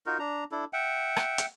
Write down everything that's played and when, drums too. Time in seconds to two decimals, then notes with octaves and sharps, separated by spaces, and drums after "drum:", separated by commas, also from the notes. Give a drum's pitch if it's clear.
0.06 D#4 F4 F#4 A#4
0.19 D4 A#5
0.52 D4 E4 A4
0.73 E5 F#5 G5
1.16 drum: rim click
1.38 drum: hi-hat